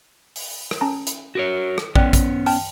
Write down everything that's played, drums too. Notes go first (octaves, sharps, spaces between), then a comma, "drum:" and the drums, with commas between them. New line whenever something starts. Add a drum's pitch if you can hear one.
drum: open hi-hat
drum: rim click
C#4 A5 A#5
drum: hi-hat
F#4 A#4 C#5
drum: rim click
B3 C#4 D5 G5 F#6, drum: kick
drum: kick, hi-hat
G5 A5 F6, drum: open hi-hat